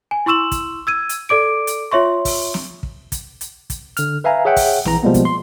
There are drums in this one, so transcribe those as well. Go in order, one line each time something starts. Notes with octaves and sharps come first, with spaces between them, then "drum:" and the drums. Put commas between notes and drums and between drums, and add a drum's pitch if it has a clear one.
G#5
E4 C6 C#6 E6 E7 F#7
drum: kick, hi-hat
E6 G#6 D#7
drum: hi-hat
A4 D5 D6 D7
drum: hi-hat
F4 C#5 E5 C6 C#6
drum: kick, open hi-hat
drum: snare
drum: kick
drum: kick, hi-hat
drum: hi-hat
drum: kick, hi-hat
D3 F6, drum: hi-hat
B4 E5 F5 G#5 A#5
G#4 C#5 E5 F#5 G5
drum: kick, open hi-hat
A#1 E3 A#5, drum: snare
B2 F3 G3 G#3 A#3 B3
drum: kick, hi-hat
C6